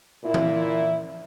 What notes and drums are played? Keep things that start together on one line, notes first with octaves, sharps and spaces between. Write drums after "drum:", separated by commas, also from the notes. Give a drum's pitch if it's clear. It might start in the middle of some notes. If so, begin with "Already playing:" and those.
A#2 E4
drum: tom E3